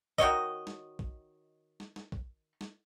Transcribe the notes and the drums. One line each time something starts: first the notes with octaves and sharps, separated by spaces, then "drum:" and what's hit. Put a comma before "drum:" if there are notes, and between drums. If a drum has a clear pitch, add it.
D#3 F#4 C#5 D#5, drum: kick
drum: snare
drum: kick
drum: snare
drum: snare
drum: kick
drum: snare